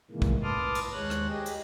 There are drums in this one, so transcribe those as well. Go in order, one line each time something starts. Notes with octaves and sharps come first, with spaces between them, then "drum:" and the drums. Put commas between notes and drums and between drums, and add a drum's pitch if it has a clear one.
A2 C3 D#3 E3 G#3 A#3
drum: kick
B4 A5 C6 D6 D#6 F6
drum: cymbal
D#2 G#3 C#5 F#6
drum: rim click
G4 G#4 D#5
drum: cymbal